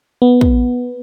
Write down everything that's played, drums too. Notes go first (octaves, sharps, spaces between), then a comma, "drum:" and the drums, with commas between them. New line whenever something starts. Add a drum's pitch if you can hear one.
B3
drum: kick